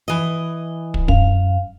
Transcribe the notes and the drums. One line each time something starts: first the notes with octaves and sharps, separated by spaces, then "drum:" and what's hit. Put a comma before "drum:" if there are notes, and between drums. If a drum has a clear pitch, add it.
E3 D#5
drum: kick
F#2 F5, drum: kick